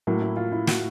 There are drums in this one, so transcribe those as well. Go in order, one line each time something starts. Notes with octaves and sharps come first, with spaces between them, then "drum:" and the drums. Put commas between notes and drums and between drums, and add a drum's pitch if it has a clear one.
A2 F#3 A#3
E4
F4
E4
F#4, drum: snare